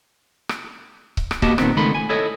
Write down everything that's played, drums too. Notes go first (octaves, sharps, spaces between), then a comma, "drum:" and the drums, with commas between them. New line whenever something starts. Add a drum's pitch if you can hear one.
drum: rim click
drum: kick C#1
drum: rim click
A#3 B3 F#4 G4 D#5 A5, drum: kick C#1
A#2 D#3 B3 C4, drum: rim click
C#2 D#3 A3 B3 B5 C6
G#5
E4 A4 C#5 D#5